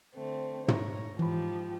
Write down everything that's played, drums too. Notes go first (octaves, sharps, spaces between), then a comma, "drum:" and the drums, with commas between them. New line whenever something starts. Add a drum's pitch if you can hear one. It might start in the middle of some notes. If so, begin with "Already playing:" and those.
D3 A3 C4
C#5 A#5, drum: tom
G#2 E3 F3 G4 B5